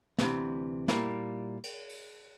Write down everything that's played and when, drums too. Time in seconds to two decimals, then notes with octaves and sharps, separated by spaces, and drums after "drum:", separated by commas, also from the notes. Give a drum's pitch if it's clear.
0.18 D2 C3 E3, drum: snare
0.88 A#2 G3 A#3 E4, drum: snare
1.64 drum: cymbal
1.89 drum: open hi-hat